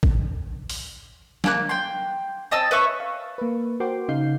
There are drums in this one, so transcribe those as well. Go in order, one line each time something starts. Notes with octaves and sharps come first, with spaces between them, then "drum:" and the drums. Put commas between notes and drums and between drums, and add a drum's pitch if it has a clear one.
drum: kick
drum: open hi-hat
A#3 G#5 F#6, drum: snare
G5 C6
C4 D#5 A5 E6
B4 C#5 E5 C#6
F5
A#3 B4
F#4 A#4 C5 G5 C6 D6
C#3 D#4 F5 G6 C7